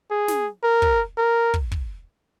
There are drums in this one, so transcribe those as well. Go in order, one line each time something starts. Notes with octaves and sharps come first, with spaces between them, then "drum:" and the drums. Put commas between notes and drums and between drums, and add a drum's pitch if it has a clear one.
G#4
drum: snare
A#4
drum: kick
A#4
drum: kick
drum: kick